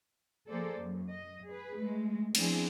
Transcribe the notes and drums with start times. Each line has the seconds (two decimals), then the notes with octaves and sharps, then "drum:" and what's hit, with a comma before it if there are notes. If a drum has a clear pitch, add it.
0.49 F3 A#3 G#4 A4 C5 D5
0.79 F#2
1.09 D#5
1.49 G#4 B4
1.81 G#3 A3
2.35 F3 B3 C4 D4 E4 G#4, drum: cymbal